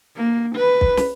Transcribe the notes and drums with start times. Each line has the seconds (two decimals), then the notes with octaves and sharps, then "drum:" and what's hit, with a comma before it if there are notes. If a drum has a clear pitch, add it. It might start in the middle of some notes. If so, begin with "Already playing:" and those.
0.16 A#3
0.56 B4
0.81 drum: kick
0.97 drum: snare